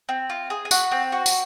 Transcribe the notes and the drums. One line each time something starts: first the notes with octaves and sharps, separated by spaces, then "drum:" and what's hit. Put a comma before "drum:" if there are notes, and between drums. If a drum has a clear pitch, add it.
C4
F4
G#4
G#5
F#4 F#5, drum: tambourine
C4
F#4
drum: tambourine